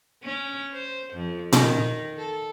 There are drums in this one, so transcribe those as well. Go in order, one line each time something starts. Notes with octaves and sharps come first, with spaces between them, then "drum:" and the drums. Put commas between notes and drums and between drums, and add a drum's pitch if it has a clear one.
C#4
C5
F2
D#3, drum: tom A#2
A4